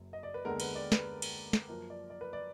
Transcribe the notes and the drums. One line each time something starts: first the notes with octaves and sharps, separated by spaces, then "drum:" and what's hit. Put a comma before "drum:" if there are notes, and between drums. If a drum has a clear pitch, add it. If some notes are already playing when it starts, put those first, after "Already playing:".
Already playing: F#1 F#2
D#5
D5
B4
D#2 D3 G#3 B3 A#4
B4, drum: cymbal
D5
B4, drum: snare
drum: cymbal
drum: snare
F#2 F3 A#3 A#4
D5
D5
B4
D5